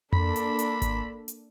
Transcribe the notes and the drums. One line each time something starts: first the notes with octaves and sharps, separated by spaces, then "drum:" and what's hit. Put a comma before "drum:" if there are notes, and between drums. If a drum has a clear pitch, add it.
A#3 D4 A4 B5, drum: tom F2
drum: hi-hat
drum: hi-hat
drum: kick G#1, hi-hat
drum: hi-hat